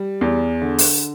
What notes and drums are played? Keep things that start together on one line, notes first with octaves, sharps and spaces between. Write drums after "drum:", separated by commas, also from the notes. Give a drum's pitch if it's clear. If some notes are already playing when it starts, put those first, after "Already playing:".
Already playing: G3
E2
D3
drum: open hi-hat